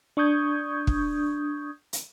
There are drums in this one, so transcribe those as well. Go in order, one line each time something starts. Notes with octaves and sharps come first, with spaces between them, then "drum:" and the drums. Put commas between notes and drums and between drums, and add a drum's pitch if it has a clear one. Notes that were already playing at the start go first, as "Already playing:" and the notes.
D4 C#6 D#6 G6 G#6
drum: kick
drum: hi-hat